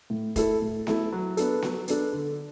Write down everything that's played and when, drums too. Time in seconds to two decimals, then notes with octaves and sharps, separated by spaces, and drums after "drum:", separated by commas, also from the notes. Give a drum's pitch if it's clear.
0.10 A2
0.36 A3 E4 A4, drum: kick F1, hi-hat
0.61 A2
0.87 A3 E4 A4, drum: snare B3
1.12 F#3
1.37 B3 D4 A4, drum: hi-hat
1.62 F#3, drum: snare B3
1.88 B3 D4 A4, drum: hi-hat
2.13 D3